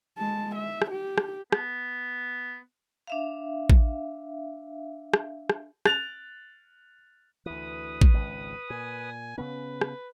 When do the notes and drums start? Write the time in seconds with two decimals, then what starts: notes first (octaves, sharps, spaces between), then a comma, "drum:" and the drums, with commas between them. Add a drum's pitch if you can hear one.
0.18 G#3 A5
0.56 E5
0.82 drum: rim click
0.91 G4
1.18 drum: rim click
1.52 B3, drum: rim click
3.07 D4 E5 F5
3.70 drum: kick
5.14 drum: rim click
5.50 drum: rim click
5.86 F#6 A6 F7, drum: rim click
7.46 D2 E3 B4 D#6
8.01 drum: kick
8.14 G#1 C#2
8.70 A#2 G#5
9.38 C#3 B3 C#4 B4
9.81 drum: rim click